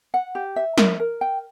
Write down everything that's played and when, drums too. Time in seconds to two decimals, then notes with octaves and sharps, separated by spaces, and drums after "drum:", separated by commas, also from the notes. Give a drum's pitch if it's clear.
0.14 F#5
0.35 G4
0.56 E5
0.78 A#4, drum: snare
1.00 A#4
1.21 G5